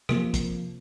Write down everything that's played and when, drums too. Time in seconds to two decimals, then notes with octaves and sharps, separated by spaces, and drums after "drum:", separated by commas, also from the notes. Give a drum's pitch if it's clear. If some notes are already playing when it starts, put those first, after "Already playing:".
0.09 C3 F3 A#3, drum: rim click
0.34 drum: kick, hi-hat